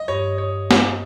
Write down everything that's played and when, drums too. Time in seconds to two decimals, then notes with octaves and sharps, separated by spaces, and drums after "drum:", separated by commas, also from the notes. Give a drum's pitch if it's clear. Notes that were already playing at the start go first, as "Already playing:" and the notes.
Already playing: D#5
0.08 G2 C#5
0.38 C#5
0.71 drum: snare